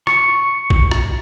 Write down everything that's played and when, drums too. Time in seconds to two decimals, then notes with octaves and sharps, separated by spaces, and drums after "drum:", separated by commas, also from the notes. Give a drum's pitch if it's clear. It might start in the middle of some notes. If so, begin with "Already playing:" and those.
0.07 C#6, drum: rim click
0.70 drum: kick A#1
0.91 drum: rim click